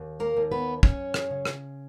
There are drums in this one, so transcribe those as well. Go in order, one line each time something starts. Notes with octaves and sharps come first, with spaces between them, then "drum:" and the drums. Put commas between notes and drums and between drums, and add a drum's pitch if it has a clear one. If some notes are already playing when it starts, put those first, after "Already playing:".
Already playing: D#2
A#3 A#4
D#2
B3 B4
F#2 C#4 C#5, drum: kick
drum: rim click
C#3
drum: rim click